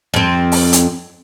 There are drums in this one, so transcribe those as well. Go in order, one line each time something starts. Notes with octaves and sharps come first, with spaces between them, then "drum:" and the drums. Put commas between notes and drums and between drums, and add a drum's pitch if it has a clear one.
F2 C4
drum: open hi-hat
drum: hi-hat